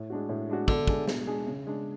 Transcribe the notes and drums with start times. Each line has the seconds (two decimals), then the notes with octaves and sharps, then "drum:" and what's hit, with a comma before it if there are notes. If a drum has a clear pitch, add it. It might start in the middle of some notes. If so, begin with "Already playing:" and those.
Already playing: A2
0.10 G#3 D4 F#4
0.29 A2
0.49 G#3 D4 F#4
0.68 B2 D3, drum: kick
0.87 G#3 D4 G#4, drum: kick
1.08 B2, drum: snare
1.27 G#3 D4 G#4
1.47 C#3
1.67 G#3 D4